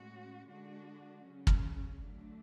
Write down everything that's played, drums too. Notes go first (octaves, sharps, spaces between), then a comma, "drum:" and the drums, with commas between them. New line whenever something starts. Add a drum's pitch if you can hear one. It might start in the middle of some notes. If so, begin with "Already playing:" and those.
Already playing: A2 G#3 C#4 F#4
D3 G#3 D4 F#4
C#3 F#3 C#4
drum: kick
D3 F#3 A3 D4